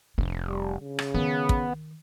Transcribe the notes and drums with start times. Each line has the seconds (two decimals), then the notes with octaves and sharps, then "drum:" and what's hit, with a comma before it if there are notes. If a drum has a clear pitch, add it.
0.18 F1 D4
0.48 G3
0.81 C#3
0.99 drum: rim click
1.14 D#3 B3
1.49 drum: kick